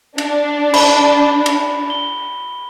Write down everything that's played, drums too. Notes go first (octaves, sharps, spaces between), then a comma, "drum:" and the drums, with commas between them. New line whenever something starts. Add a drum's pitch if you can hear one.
D4, drum: cymbal
B5, drum: cymbal
drum: cymbal
G7